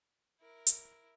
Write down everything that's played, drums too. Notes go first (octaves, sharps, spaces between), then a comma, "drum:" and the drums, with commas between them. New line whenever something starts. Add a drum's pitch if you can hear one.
E4 A#4
drum: hi-hat